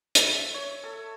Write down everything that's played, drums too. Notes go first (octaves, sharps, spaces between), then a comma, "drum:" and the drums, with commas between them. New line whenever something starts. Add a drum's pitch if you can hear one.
drum: hi-hat
E5
C#5
A4